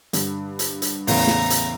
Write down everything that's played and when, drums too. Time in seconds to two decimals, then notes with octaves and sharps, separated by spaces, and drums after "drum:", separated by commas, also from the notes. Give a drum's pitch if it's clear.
0.13 G2 D3, drum: hi-hat
0.59 drum: hi-hat
0.82 drum: hi-hat
1.08 E2 A2 C#3 A#5, drum: open hi-hat
1.27 drum: snare
1.50 drum: hi-hat